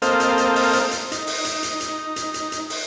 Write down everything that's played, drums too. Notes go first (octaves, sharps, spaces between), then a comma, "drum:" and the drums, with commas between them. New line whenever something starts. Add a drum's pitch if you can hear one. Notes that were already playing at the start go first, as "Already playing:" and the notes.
A#3 C4 A4 C5 D#5 F5, drum: hi-hat
drum: hi-hat
drum: hi-hat
drum: open hi-hat
drum: hi-hat
drum: hi-hat
D#4, drum: hi-hat
drum: open hi-hat
drum: hi-hat
drum: hi-hat
drum: hi-hat
drum: hi-hat
drum: hi-hat
drum: hi-hat
drum: open hi-hat